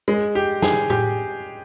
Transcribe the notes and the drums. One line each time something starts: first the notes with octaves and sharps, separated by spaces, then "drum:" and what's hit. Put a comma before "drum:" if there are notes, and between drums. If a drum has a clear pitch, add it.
G#3
G4
G#4, drum: snare
G4, drum: tom A2